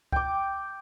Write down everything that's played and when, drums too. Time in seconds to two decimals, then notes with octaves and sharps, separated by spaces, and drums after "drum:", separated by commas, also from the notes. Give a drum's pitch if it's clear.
0.12 G5 D6, drum: kick